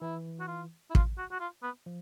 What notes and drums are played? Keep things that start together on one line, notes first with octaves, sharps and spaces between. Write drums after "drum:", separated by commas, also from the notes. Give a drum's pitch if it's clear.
E3 E4
F#4
F4
E4
F4, drum: kick
F#4
F#4
F4
B3
F3